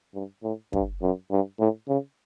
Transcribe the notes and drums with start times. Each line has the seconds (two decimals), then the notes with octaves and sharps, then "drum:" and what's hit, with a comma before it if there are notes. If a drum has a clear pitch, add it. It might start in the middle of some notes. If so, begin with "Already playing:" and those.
0.15 G2
0.43 A2
0.73 G2, drum: kick
1.02 F#2
1.31 G2
1.60 A2
1.89 C#3